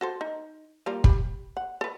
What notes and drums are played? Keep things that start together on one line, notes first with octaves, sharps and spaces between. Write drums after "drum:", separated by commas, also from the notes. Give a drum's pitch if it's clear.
F#4 A4 C5
D#4
G3 A#3 F4
G4 B5, drum: kick
F#5
A4 B4